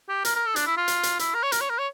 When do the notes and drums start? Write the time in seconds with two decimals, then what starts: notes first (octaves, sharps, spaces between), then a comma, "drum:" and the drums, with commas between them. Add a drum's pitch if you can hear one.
0.09 G4
0.25 A#4, drum: hi-hat
0.35 A#4
0.46 A4
0.56 D4, drum: hi-hat
0.67 E4
0.77 F4
0.88 drum: hi-hat
1.03 drum: hi-hat
1.19 E4, drum: hi-hat
1.35 A#4
1.43 C#5
1.52 A#4, drum: hi-hat
1.61 C#5
1.70 A#4
1.79 C#5